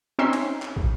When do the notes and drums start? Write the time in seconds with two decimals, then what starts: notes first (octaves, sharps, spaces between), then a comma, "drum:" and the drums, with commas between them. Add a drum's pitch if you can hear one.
0.19 C4 C#4 D#4 E5 C6
0.33 drum: cymbal
0.62 drum: clap
0.77 drum: kick